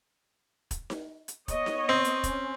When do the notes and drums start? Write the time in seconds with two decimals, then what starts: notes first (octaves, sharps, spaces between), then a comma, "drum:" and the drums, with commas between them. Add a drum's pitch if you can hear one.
0.71 drum: kick, hi-hat
0.90 drum: snare D#4
1.28 drum: hi-hat
1.48 B3 C#5 D#5, drum: kick, hi-hat
1.66 drum: snare D#4
1.89 C4
2.04 drum: hi-hat
2.24 C#4, drum: kick, hi-hat